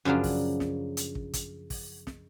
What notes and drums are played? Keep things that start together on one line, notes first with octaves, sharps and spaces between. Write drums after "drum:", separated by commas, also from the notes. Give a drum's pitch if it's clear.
F#2 C#3 F3 F#3 D4
drum: kick, open hi-hat
drum: snare
drum: hi-hat
drum: kick
drum: kick, hi-hat
drum: kick, open hi-hat
drum: snare